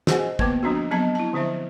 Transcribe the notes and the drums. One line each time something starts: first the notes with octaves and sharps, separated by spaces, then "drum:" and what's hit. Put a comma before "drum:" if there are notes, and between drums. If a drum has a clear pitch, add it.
F#4 G#4 C5 D#5 F#5 G#5, drum: snare
D3 A#3 B3 B4 G5 D6, drum: kick
F3 C4 D4 F#4
F#3 B3 C4 D#5 A5
E4 A5
D3 F3 C4 C5 E5